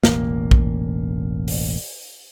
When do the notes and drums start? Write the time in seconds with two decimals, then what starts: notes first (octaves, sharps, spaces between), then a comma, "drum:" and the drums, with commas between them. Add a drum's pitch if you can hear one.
0.04 E1 A1 A2 A#3, drum: snare
0.51 drum: kick A#1
1.48 drum: open hi-hat